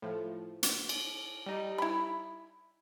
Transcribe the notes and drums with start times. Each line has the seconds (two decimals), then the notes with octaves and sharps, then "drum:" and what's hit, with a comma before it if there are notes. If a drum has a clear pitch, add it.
0.02 A2 F3
0.63 drum: hi-hat
0.89 drum: cymbal
1.46 G3 D#4
1.78 E4 B5